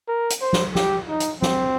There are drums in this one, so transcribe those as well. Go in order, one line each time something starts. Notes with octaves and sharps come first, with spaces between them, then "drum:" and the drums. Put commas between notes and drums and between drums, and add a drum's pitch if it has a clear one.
A#4
drum: hi-hat
C5
drum: snare
G4, drum: snare
D#4
drum: hi-hat
C4, drum: snare